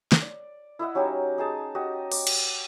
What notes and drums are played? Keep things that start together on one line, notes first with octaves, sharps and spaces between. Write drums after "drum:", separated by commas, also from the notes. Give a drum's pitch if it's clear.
drum: snare
D5
E4 D#5 E5 F#5
F#3 C#4 D#4 G4
D#4 G#4 A5
F#4 G4 D#5
D6, drum: open hi-hat
drum: cymbal